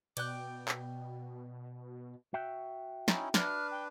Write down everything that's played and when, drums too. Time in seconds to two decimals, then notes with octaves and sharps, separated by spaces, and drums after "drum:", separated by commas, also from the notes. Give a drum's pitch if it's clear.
0.17 B2 D5 G5 F#6, drum: cymbal
0.68 drum: clap
2.34 F#4 E5 G5
3.08 C#4 D#4 E4, drum: snare
3.34 D4 B4 F6, drum: snare
3.71 G5